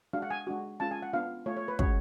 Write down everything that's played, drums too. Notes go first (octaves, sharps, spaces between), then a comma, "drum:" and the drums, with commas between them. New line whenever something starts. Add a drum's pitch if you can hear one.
G#3 D4 F#4 F5
F#5
G#5
G#3 D4 F#4
G#3 C#4 F4 A5
G#5
F#5
B3 D4 F4 F5
A3 F4 C#5
C#5
B4
G#3 C#4 F#4 C#5, drum: kick